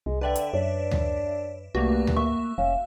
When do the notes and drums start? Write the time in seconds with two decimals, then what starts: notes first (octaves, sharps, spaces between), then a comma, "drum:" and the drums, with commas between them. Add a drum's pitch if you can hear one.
0.06 C2 G#3
0.21 D3 A4 B4 D5 E5 G5
0.36 drum: hi-hat
0.53 F#2 D4 C#5
0.91 drum: tom D2
1.75 C2 G2 A3 A#3 F#4
2.07 drum: tom D2
2.16 A#3 E5 C#6
2.58 F1 C#4 F5